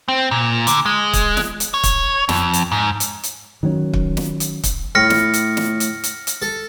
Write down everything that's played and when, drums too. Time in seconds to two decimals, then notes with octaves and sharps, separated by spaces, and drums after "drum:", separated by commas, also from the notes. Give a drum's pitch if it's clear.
0.08 C4
0.31 A#2
0.67 D3, drum: hi-hat
0.86 G#3
1.13 drum: kick, hi-hat
1.37 drum: snare
1.60 drum: hi-hat
1.74 C#5
1.83 drum: kick, hi-hat
2.29 F2, drum: snare
2.53 drum: hi-hat
2.72 G#2
3.00 drum: hi-hat
3.23 drum: hi-hat
3.63 D#3 F#3 A#3 C#4
3.93 drum: kick
4.17 drum: snare
4.40 drum: hi-hat
4.64 drum: kick, hi-hat
4.95 A2 F6 A#6 C#7
5.10 drum: snare
5.34 drum: hi-hat
5.57 drum: snare
5.80 drum: hi-hat
6.04 drum: hi-hat
6.27 drum: hi-hat
6.42 A4